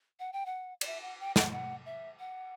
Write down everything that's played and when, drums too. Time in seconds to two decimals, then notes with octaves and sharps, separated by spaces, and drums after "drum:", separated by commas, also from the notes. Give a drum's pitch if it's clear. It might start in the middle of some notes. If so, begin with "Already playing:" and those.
0.20 F#5
0.33 G5
0.46 F#5
0.81 D5, drum: cymbal
0.87 E5
1.02 F#5
1.20 G5
1.36 F#5, drum: snare
1.52 F#5
1.86 E5
2.19 F#5